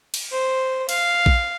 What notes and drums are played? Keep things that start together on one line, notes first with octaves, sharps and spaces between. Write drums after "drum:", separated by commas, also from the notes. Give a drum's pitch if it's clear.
drum: cymbal
C5
F5, drum: cymbal
drum: kick A#1